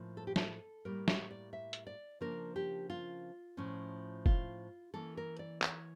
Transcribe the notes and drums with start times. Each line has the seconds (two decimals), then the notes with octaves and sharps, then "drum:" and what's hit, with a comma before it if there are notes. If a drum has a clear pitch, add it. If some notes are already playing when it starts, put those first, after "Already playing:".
Already playing: A2 F3 A#3 C#4
0.17 A4
0.27 G4
0.36 A4, drum: snare
0.85 A2 G3 A#3 A#4
1.08 C#5, drum: snare
1.31 D5
1.53 E5
1.73 drum: hi-hat
1.87 D5
2.21 C#3 F3 A#3 D4 A#4
2.56 G4
2.90 F4
3.57 A2 F3 C#4
4.26 F4, drum: kick
4.94 E3 A#3 C#4 A4
5.17 A#4
5.39 D5
5.62 C#5, drum: clap